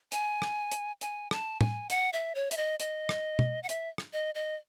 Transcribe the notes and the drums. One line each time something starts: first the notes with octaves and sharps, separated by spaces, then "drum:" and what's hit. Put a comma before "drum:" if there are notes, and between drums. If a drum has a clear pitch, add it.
G#5, drum: hi-hat
drum: rim click
drum: hi-hat
G#5, drum: hi-hat
A5, drum: rim click
G#5, drum: tom
F#5, drum: hi-hat
E5
C#5
E5, drum: hi-hat
D#5
D#5, drum: hi-hat
drum: rim click
drum: tom
F#5
E5, drum: hi-hat
drum: rim click
D#5
D#5